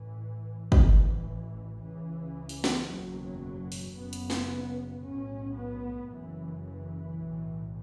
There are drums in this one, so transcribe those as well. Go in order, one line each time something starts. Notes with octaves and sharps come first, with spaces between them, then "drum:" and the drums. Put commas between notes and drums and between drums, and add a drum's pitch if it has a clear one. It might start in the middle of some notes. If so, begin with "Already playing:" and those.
Already playing: A1 A2 E3
A1 A2 E3, drum: kick
C#2 C#3 E3
drum: open hi-hat
drum: snare
F#1 E2 B2 F#3
drum: open hi-hat
F#1 F#2 C#3 B3
drum: hi-hat
drum: snare
B1 A2 C#4
B3
F#1 F#2 C#3 E3
E3
B1 A2